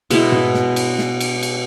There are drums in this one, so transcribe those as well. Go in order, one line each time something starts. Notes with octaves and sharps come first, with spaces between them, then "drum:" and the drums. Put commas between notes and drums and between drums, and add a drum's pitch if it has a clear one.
B2 G#3 B3 E4, drum: cymbal
drum: tom G#2
drum: snare
drum: cymbal
drum: snare
drum: cymbal
drum: cymbal